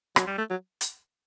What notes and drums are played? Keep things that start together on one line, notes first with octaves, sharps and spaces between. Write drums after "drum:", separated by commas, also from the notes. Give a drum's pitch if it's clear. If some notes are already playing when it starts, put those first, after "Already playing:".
F#3, drum: rim click
G3
A3
F#3
drum: hi-hat